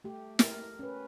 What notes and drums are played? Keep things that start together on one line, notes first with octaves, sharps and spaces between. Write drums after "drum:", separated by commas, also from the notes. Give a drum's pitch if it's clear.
A3 G4
G4 A#4, drum: snare
C#4 B4